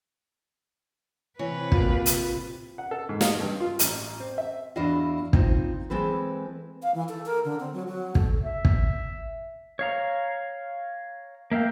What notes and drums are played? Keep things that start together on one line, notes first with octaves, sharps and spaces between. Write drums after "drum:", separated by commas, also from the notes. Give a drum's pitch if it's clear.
C3 E3 B4 C#5
A#2 F4 F#4, drum: kick
drum: hi-hat
F#5
A4
G#2
F5, drum: snare
G2
F4
A1, drum: hi-hat
C4
E5
E2 D4 E4 F#4 D#5 F5
C4 D#4 F4, drum: kick
E3 G#3 C4 A4 B4
F5
E3
A4
A#4
D3
C4
F#3
F#3
A4, drum: kick
E5
drum: kick
C#5 F5 A#5
A#3 E5 F5 G5